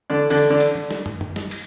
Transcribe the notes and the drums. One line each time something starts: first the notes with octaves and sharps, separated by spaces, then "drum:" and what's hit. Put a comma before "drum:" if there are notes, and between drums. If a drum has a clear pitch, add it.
D3 D4
D3 D4, drum: cymbal
D3 D4
drum: cymbal
drum: tom
drum: snare
drum: tom
drum: tom
drum: snare
drum: cymbal